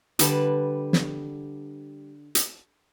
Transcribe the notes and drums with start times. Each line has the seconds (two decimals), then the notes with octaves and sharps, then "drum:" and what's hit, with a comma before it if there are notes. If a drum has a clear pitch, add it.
0.19 D3 G3 B4 A5, drum: hi-hat
0.93 drum: snare
2.35 drum: hi-hat